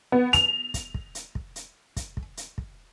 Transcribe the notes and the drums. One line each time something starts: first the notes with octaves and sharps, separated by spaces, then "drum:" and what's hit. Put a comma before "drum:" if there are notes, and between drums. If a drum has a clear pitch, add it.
B3
F7, drum: hi-hat
drum: kick, hi-hat
drum: kick
drum: hi-hat
drum: kick
drum: hi-hat
drum: kick, hi-hat
drum: kick
drum: hi-hat
drum: kick